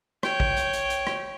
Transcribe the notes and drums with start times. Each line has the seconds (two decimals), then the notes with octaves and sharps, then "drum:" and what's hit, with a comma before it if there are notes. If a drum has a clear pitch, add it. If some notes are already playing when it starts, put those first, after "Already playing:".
0.23 C#5 G5, drum: rim click
0.40 drum: kick
0.57 drum: hi-hat
0.73 drum: hi-hat
0.90 drum: hi-hat
1.07 drum: rim click